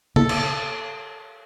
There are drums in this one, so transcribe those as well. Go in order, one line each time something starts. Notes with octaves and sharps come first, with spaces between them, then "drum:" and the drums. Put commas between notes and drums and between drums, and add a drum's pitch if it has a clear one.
A4, drum: tom C#3
drum: cymbal